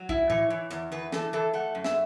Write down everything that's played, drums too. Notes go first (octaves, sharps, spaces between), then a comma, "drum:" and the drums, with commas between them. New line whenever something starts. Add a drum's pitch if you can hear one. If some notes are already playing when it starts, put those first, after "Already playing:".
Already playing: F#3
E4, drum: kick
E3 C#5, drum: tom A2
E3
E2, drum: hi-hat
E2 B4
E3 A4, drum: snare
E3 A4
A3 F#5
F#2
E5, drum: snare